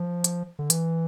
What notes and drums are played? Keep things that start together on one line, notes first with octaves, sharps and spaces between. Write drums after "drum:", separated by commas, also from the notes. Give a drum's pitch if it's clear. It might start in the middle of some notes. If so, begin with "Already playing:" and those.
Already playing: F3
drum: hi-hat
D3
E3, drum: hi-hat